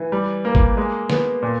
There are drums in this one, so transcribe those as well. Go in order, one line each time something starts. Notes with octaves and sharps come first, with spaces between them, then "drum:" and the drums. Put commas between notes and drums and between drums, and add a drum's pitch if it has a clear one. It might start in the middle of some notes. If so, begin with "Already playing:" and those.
Already playing: E3
G3
A#3
drum: kick
G#3
B3, drum: snare
A#2